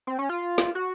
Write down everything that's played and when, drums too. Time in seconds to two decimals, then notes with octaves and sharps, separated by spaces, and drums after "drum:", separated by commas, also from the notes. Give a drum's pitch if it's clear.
0.07 C4
0.19 C#4
0.29 F4
0.58 drum: snare
0.75 F#4